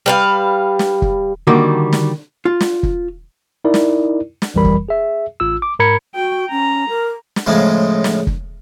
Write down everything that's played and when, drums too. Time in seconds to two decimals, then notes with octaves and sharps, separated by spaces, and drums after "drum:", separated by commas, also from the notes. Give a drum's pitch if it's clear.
0.06 G3 B4 F5
0.79 drum: snare
1.02 drum: kick
1.47 D3 D#3 G3 A#3 F#4
1.93 drum: snare
2.45 F4
2.60 drum: snare
2.83 drum: kick
3.65 D#4 E4 A#4 D5
3.74 drum: snare
4.42 drum: snare
4.54 A#1 F2 E3 G3 A#4 B5
4.64 drum: kick
4.89 G#4 E5
5.40 A1 F4 E6
5.62 D6
5.79 G#2 A#4 A#5 B5 G#6 C#7
6.15 F#4 G5
6.51 C#4 A#5
6.89 A#4
7.36 drum: snare
7.46 A2 C#3 F3 G#3
8.04 drum: snare
8.27 drum: kick